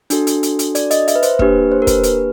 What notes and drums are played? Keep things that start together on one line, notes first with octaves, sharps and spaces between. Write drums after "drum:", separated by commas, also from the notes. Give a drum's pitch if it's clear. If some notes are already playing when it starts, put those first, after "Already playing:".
D4 F#4 A4, drum: hi-hat
drum: hi-hat
drum: hi-hat
drum: hi-hat
D5, drum: hi-hat
D#5, drum: hi-hat
E5, drum: hi-hat
B4
C5, drum: hi-hat
A#3 D4 G4 B4, drum: kick
C5
A#4
B4, drum: kick, hi-hat
B4, drum: hi-hat